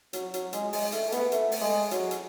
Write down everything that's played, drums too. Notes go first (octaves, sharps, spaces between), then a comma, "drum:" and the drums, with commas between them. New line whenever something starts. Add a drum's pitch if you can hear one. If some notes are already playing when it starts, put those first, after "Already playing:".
F#3, drum: hi-hat
F#3, drum: hi-hat
G#3, drum: hi-hat
G#3, drum: open hi-hat
A3, drum: hi-hat
A3
B3, drum: hi-hat
A3, drum: hi-hat
drum: open hi-hat
G#3
F#3, drum: hi-hat
drum: hi-hat